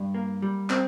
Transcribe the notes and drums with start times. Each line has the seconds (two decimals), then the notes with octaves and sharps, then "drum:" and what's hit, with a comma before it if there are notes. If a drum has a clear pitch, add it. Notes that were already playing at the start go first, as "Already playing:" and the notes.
Already playing: G2
0.14 A#3
0.42 G3
0.70 C4, drum: clap